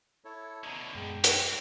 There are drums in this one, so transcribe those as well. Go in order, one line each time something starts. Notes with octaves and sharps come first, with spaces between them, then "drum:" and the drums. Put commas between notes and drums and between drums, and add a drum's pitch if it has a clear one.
E4 A4 C#5
B2 D3 D#5 A#5 G#6
F#2 A#2 G#3 G5
C4 D4 A4 C#5 E5 G5 F#6, drum: hi-hat